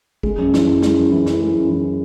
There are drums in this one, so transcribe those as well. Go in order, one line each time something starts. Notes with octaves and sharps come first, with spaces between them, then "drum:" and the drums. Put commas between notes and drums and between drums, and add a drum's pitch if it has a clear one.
G#3, drum: kick
F#2
E3, drum: snare
F#2
G#3, drum: snare
F#2
E3
F#2, drum: snare
G#3
F#2
E3